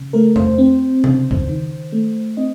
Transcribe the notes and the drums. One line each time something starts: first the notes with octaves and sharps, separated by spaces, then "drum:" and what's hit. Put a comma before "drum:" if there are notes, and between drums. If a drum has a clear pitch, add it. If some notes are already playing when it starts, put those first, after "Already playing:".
Already playing: C#3
A3 A#4
C5, drum: tom E2
C4
C#3, drum: tom C3
drum: kick
D#3
A3
C4 D#5